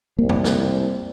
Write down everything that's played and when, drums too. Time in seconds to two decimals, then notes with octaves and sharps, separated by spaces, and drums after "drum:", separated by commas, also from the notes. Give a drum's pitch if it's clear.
0.19 C2 A#3
0.29 drum: tom F2
0.44 drum: snare